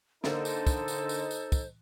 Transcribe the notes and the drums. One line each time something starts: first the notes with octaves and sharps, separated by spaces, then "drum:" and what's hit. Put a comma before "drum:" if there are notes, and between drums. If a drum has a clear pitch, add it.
D3 A#3 D#4 A4 C5, drum: snare
drum: tambourine
drum: kick, tambourine
drum: tambourine
drum: tambourine
drum: tambourine
drum: kick, tambourine